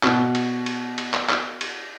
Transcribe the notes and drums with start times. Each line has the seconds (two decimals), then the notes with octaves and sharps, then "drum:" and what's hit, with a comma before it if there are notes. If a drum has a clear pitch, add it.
0.03 B2 B3, drum: clap
0.35 drum: cymbal
0.66 drum: cymbal
0.98 drum: cymbal
1.14 drum: clap
1.29 drum: clap
1.61 drum: cymbal